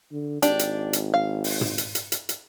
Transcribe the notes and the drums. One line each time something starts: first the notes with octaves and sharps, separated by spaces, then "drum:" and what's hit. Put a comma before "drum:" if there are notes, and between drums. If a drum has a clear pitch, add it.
D3
G#1 D4 G4, drum: hi-hat
drum: hi-hat
drum: hi-hat
F5
drum: open hi-hat
drum: tom
drum: hi-hat
drum: hi-hat
drum: hi-hat
drum: hi-hat